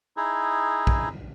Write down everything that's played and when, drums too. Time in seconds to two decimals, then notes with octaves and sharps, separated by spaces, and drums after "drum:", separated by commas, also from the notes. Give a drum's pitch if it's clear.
0.17 D#4 E4 G#4
0.87 drum: kick A#1